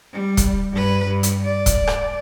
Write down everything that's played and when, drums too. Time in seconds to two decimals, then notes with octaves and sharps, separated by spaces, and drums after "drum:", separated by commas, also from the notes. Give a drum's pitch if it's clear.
0.13 G3
0.37 drum: kick, hi-hat
0.72 G2 B4
1.07 G2
1.23 drum: hi-hat
1.45 D5
1.66 drum: kick, hi-hat
1.87 drum: rim click